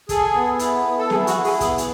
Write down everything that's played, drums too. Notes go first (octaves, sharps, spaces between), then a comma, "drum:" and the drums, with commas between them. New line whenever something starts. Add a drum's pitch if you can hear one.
G#4 A4, drum: kick, hi-hat
B3
E4, drum: hi-hat
B3
A4
E4 G#4, drum: snare
F#4, drum: hi-hat
E4
G#4, drum: open hi-hat
B3 G#4, drum: kick, hi-hat
drum: hi-hat